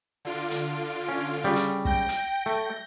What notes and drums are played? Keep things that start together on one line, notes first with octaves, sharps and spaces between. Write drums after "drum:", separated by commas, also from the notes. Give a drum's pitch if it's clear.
D3 F4 D7
drum: hi-hat
C#4
C#3 G3
drum: hi-hat
G5 G6 A#6, drum: kick
drum: hi-hat
A3